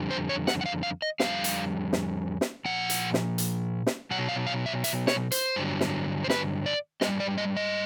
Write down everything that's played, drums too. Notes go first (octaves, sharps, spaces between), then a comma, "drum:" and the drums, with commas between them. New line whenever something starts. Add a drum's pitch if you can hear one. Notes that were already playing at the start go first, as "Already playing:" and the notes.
Already playing: F2 D3 G3
C5
C#5
F#5, drum: snare
F#5
F5
F5
D#5
F2 D3 G3 F5, drum: snare
drum: hi-hat
drum: snare
drum: snare
A#2 F3 F#5
drum: hi-hat
drum: snare
drum: hi-hat
drum: snare
B2 F#3 F#5
F5
F5
E5
E5, drum: hi-hat
C#5, drum: snare
C5, drum: hi-hat
G2 D3 F#3
drum: snare
C5
B4, drum: snare
D5
D#3 G3 D#5, drum: snare
G#2
D5
D#5
D#5